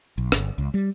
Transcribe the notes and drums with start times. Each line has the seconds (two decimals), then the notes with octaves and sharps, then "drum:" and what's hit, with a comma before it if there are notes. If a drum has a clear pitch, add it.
0.18 B1
0.32 G1, drum: rim click
0.58 C#2
0.74 G3